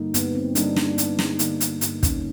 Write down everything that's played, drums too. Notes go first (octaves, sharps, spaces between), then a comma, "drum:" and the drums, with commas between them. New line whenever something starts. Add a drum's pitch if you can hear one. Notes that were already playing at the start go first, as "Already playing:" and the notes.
Already playing: G2 D3 G3 A#3 D#4
G2 B3, drum: hi-hat
C4
D3 G3 A#3 D4 D#4, drum: hi-hat
D4, drum: snare
G2 B3, drum: hi-hat
drum: snare
D3 G3 A#3 D#4, drum: hi-hat
drum: hi-hat
G2, drum: hi-hat
C#4, drum: kick, hi-hat